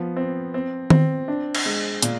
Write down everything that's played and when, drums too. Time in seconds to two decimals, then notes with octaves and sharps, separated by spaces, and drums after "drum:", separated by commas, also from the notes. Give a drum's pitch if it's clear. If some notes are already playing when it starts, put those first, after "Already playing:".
Already playing: F3 B3
0.17 C4
0.54 C4
0.90 C4, drum: tom D#3
1.28 D4
1.55 drum: cymbal
1.66 G#3
2.02 A#2, drum: hi-hat